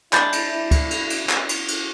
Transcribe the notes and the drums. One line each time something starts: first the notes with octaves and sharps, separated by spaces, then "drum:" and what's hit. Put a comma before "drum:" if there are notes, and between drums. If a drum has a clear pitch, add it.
G#3 D4 E4 B5 G6 A6, drum: clap
drum: cymbal
drum: kick C#2, cymbal
drum: cymbal
drum: cymbal
drum: clap
drum: cymbal
drum: cymbal